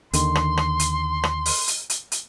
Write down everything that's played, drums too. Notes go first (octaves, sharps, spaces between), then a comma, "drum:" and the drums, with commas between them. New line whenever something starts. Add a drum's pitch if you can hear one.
D#2 D3 D#3 C6, drum: hi-hat
drum: rim click
drum: rim click
drum: hi-hat
drum: rim click
drum: open hi-hat
drum: hi-hat
drum: hi-hat
drum: hi-hat